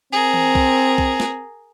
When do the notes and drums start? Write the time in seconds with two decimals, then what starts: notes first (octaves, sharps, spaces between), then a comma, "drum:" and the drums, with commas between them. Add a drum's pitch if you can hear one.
0.12 C4 G#4 A#4
0.34 drum: tom E3
0.55 drum: kick
0.98 drum: kick
1.20 drum: snare